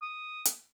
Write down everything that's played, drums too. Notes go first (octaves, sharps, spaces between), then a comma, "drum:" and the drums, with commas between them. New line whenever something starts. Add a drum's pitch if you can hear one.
D#6
drum: hi-hat